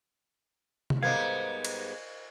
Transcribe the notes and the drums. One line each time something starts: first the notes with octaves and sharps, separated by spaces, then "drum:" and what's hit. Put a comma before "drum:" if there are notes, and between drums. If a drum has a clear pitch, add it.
drum: tom C3
G#2 G3 B3 A#4 C5 D#5 F5 G#6
drum: cymbal